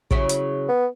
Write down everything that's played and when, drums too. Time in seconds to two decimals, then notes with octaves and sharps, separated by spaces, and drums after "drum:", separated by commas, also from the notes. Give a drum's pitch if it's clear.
0.11 C#3 F#3 E4, drum: kick
0.29 drum: hi-hat
0.68 B3